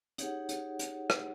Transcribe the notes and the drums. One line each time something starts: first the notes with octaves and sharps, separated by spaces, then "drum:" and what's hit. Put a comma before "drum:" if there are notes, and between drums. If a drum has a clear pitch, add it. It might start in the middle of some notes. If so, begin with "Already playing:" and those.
D#4 G4 G#4 C#5 F#5, drum: hi-hat
drum: hi-hat
drum: hi-hat
drum: rim click